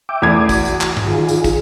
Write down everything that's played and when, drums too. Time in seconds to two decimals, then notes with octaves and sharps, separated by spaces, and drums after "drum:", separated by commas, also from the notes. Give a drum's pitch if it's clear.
0.09 E5 G5 D6
0.22 E2 A3 D5 D6 G#6
0.49 F#4, drum: kick, tambourine
0.65 drum: tambourine
0.81 drum: clap
0.97 drum: tom G2
1.07 D#3 F4 G#4
1.29 drum: tambourine
1.44 drum: kick, tambourine